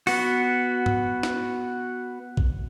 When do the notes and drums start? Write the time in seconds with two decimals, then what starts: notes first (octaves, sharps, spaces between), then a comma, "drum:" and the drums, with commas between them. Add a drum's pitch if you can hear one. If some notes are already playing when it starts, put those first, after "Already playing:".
0.07 B3 F#4, drum: open hi-hat
0.86 drum: tom G#2
1.23 drum: snare
2.37 drum: kick A#1